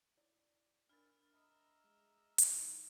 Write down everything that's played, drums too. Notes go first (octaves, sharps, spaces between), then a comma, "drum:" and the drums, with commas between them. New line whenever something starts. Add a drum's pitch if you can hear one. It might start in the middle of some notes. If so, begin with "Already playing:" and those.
E4 D5
D4 A#4 B5 F6 A6
D#5 E5 A#5 B5
G#3
E3 D#4, drum: hi-hat